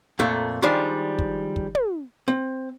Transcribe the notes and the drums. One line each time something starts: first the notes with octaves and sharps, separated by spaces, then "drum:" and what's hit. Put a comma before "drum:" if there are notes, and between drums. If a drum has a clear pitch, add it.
F2 A#2 A3 A#3
D#3 F3 G3 G#3 D4 C6
drum: kick
drum: kick
drum: tom
C4